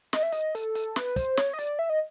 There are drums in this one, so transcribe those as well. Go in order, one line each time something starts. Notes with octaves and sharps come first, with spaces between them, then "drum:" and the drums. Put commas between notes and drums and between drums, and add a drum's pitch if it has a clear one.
D#5, drum: snare
E5
D#5, drum: hi-hat
A4, drum: hi-hat
drum: hi-hat
B4, drum: snare
C5, drum: kick, hi-hat
C#5, drum: snare
D#5
D5, drum: hi-hat
E5
D#5